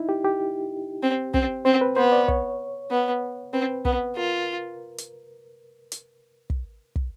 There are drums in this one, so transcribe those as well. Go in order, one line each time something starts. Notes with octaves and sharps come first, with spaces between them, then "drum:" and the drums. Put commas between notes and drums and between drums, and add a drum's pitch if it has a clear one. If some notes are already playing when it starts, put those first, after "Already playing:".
Already playing: D#4 E4
G4
G4
C4
C4, drum: kick
C4 C5
B4
B3 C5
D5
C#5, drum: kick
B3
C4 B4
B3, drum: kick
F4 A#4
drum: hi-hat
drum: hi-hat
drum: kick
drum: kick